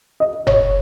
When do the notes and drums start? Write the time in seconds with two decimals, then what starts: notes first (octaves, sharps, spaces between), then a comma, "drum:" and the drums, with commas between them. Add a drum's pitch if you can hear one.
0.20 D#5
0.47 C#5, drum: tom F#1